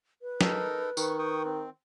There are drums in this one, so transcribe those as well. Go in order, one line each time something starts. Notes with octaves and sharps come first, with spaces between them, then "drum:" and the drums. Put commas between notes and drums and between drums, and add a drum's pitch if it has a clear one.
B4
D#4 A4 A#4, drum: snare
D#3 C#6, drum: tambourine
G5 C#6 D#6
C4